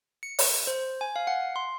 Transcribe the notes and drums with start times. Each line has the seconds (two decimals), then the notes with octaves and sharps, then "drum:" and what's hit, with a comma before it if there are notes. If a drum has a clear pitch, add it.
0.23 C#7
0.39 drum: open hi-hat
0.67 C5
1.01 G#5
1.16 F5
1.27 F#5
1.56 C6